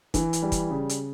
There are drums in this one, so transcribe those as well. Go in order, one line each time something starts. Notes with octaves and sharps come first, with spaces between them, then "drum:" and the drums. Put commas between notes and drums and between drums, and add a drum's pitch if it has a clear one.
E3, drum: kick, hi-hat
drum: hi-hat
G3
drum: kick, hi-hat
C#3
drum: hi-hat